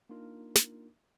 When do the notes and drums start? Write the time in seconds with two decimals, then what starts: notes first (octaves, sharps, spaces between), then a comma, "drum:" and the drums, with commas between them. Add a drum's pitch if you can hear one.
0.09 A#3 D4 D#4 F4 A#4
0.55 drum: snare